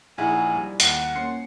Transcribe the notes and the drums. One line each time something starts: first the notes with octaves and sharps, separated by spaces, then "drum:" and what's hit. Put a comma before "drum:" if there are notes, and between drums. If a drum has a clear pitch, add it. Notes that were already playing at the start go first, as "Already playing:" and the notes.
A#1 D#4 E4 G#4 F5 F#5 G#5
G3
D#2 F#5, drum: hi-hat
A#3 C#4 C6 C7 C#7